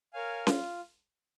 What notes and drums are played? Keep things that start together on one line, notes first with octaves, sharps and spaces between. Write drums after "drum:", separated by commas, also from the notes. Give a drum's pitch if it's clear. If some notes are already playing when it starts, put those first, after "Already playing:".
A#4 C#5 F5 G#5
F4, drum: snare C#4